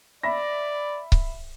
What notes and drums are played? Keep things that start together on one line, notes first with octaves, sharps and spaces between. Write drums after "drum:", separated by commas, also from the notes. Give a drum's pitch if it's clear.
D5 E5 B5 A#6
drum: kick C#1